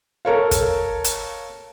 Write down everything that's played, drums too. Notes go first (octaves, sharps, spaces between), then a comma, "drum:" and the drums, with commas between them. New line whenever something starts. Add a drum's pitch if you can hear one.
A4 A#4 C#5 F5
drum: kick, hi-hat
drum: hi-hat